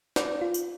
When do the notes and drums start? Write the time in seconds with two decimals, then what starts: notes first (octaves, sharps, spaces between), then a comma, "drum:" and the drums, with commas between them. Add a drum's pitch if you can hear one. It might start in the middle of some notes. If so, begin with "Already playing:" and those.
0.16 D5, drum: snare
0.41 F4
0.54 drum: tambourine